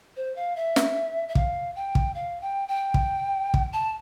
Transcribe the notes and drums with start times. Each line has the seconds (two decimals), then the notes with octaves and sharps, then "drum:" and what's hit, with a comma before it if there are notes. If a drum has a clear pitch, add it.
0.17 C5
0.36 F5
0.56 E5
0.76 drum: snare
1.29 E5
1.35 F5, drum: kick
1.76 G5
1.95 drum: kick
2.15 F5
2.42 G5
2.68 G5
2.94 drum: kick
3.54 drum: kick
3.73 A5